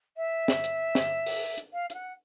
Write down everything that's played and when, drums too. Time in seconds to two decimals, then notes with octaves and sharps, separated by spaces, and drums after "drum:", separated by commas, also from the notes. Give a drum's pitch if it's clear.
0.17 E5
0.48 drum: snare
0.64 drum: hi-hat
0.95 drum: snare
1.26 drum: open hi-hat
1.58 drum: hi-hat
1.73 F5
1.90 F5, drum: hi-hat
1.94 F#5